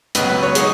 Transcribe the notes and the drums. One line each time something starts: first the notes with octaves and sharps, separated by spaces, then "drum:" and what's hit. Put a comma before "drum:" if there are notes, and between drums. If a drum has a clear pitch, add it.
C#2 B2 F#3 B4, drum: hi-hat
B4
C#5
F#3 D#4 G#4, drum: hi-hat